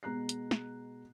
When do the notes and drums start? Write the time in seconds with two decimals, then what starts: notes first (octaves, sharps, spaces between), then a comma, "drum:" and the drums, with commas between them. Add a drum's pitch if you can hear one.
0.03 B2 G#3 A#5 F#6 C7
0.29 drum: hi-hat
0.51 drum: snare